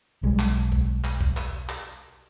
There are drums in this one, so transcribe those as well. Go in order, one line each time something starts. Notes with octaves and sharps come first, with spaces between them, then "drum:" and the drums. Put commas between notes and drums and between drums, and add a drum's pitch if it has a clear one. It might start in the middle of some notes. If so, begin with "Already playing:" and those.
B1 G3 G#3
drum: clap
drum: kick
drum: clap
drum: kick
drum: clap
drum: clap